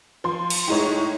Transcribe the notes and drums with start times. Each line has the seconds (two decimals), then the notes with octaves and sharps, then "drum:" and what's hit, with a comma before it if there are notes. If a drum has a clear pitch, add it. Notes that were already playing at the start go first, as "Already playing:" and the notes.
0.24 F3 C6
0.50 drum: cymbal
0.68 A2 G#3 D#4 C#5